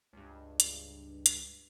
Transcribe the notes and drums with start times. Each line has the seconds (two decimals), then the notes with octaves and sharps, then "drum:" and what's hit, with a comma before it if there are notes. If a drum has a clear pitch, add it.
0.13 C#2 G2
0.60 drum: hi-hat
1.26 drum: hi-hat